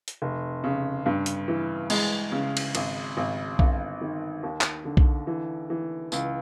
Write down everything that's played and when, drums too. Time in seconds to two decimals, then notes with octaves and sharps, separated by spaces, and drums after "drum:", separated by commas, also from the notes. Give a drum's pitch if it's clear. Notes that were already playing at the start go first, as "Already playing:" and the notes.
0.08 drum: hi-hat
0.22 F1
0.64 C#3
1.06 G2
1.26 drum: hi-hat
1.48 E3
1.90 G#3, drum: cymbal
2.32 C#3
2.57 drum: cymbal
2.75 G#1, drum: cymbal
3.17 G#1
3.59 G1, drum: kick B1
4.01 D#3
4.43 D#2
4.61 drum: clap
4.85 D3
4.97 drum: kick B1
5.27 E3
5.70 E3
6.12 C#2, drum: tambourine